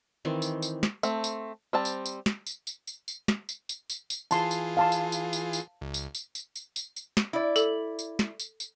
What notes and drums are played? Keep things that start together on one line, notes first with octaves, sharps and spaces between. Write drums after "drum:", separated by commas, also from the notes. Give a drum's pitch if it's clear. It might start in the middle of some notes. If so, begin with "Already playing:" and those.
D#3 E3 C4
drum: tambourine
drum: tambourine
drum: snare
A3 C4, drum: tambourine
drum: tambourine
G3 C4 A5
drum: tambourine
drum: tambourine
drum: snare
drum: tambourine
drum: tambourine
drum: tambourine
drum: tambourine
drum: snare
drum: tambourine
drum: tambourine
drum: tambourine
drum: tambourine
E3 F4 G#4 A5 C6, drum: tambourine
drum: tambourine
F5 A5 C6
drum: tambourine
drum: tambourine
drum: tambourine
drum: tambourine
C#2
drum: tambourine
drum: tambourine
drum: tambourine
drum: tambourine
drum: tambourine
drum: tambourine
drum: snare
E4 D5
A4, drum: tambourine
drum: tambourine
drum: snare
drum: tambourine
drum: tambourine